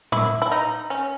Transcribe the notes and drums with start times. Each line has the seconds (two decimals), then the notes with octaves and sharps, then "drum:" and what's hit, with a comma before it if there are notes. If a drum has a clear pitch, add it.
0.12 E4, drum: tom
0.42 E4
0.52 D#4
0.90 C#4